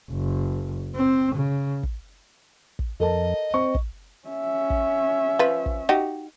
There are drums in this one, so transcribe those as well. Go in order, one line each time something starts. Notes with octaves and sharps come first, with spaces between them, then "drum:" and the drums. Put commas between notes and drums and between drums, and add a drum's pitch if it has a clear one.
F#1
C4
C#3
drum: kick
drum: kick
F2 A4 A#4 D#5 A5
C4 C#6
drum: kick
C#4 E5
drum: kick
F3 B4
drum: kick
D#4 F#4 G4